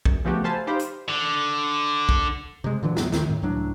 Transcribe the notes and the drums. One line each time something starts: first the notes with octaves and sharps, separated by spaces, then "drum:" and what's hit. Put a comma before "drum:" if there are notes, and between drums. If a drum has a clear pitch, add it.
F#2, drum: kick
C#3 F3 A3 B3 F#4 G4
A4 C5 F5 G#5 A5 B5
D#4 G4 C5 F5 B5
drum: hi-hat
D3
drum: kick
C3 G#3
A#2 D3 E3 F#3
F2 F#3 B3 C4, drum: snare
D#2 D#3 C4, drum: snare
A2 D#3
C#2 A2 F#3 D4